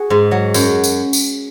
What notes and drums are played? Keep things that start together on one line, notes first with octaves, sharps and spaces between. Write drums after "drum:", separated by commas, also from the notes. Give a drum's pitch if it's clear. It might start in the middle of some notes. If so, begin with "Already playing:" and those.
Already playing: F#4 G#4
G#2
F#3
F#2, drum: tambourine
drum: tambourine
drum: tambourine